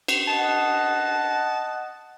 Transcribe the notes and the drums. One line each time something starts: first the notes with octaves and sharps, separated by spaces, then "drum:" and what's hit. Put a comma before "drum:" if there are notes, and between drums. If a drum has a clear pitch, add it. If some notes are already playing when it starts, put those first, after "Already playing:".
drum: cymbal
D#5 F#5 A5